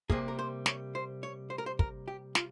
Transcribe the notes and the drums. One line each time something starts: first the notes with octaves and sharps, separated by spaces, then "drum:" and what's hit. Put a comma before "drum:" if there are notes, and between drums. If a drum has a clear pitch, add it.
C3 G3 A#3 G#4, drum: kick
A#4
C5
C#5, drum: snare
C5
C#5
C5
A#4
C5
A#4, drum: kick
G4
F4, drum: snare